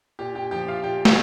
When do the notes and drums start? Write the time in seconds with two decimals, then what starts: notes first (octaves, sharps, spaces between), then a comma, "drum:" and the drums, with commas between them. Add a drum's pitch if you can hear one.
0.19 A#2 G4
0.35 G4 G5
0.51 F3 G4 G5
0.68 F4 F5
0.83 A#2 G4 G5
1.05 drum: snare